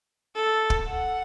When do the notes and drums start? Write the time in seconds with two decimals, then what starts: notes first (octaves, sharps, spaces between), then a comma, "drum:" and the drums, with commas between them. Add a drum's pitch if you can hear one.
0.35 A4
0.70 drum: kick
0.87 F#5